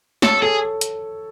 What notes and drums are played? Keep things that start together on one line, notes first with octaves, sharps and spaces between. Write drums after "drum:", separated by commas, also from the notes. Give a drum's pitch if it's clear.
A4 C#5, drum: snare
G#4 A4
drum: hi-hat